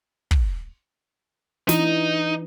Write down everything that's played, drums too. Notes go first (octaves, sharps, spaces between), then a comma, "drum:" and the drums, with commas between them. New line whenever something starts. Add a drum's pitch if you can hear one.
drum: kick
E3 D4 D#4, drum: snare